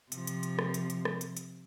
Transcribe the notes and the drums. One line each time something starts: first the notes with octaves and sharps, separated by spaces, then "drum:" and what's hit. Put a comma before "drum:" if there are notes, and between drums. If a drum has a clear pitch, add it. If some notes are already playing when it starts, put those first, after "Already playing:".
C3 F3, drum: hi-hat
drum: hi-hat
drum: hi-hat
drum: rim click
drum: hi-hat
drum: hi-hat
drum: rim click
drum: hi-hat
drum: hi-hat